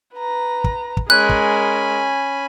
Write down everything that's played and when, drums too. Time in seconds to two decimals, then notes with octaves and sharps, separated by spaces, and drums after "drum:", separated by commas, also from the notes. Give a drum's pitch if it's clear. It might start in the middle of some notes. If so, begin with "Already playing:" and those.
0.15 B4 A#5
0.64 drum: kick
0.97 drum: kick
1.10 G#3 C#4 A#4 G#5 B5 F#6
1.29 drum: kick